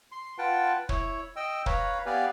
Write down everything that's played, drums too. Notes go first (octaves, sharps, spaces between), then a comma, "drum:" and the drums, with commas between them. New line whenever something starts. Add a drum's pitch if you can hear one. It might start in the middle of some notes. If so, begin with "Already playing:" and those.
C6
F4 B4 F#5 G5 A5
E4 C#5, drum: kick
D#5 G5 E6
B4 C#5 F5 A#5 B5, drum: kick
B3 G4 B4 D5 F5 G#5